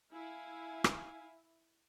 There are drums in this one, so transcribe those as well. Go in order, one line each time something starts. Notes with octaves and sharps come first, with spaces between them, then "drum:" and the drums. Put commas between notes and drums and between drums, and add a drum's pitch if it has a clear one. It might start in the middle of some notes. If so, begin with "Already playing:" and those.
E4 F5 G#5
drum: rim click